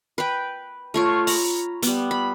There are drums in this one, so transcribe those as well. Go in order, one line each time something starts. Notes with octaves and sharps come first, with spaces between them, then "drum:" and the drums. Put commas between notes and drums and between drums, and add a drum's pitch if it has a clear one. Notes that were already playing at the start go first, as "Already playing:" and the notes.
B4 G5
A3 F4 C#5
A#5 B5, drum: open hi-hat
G3 B3, drum: hi-hat
B5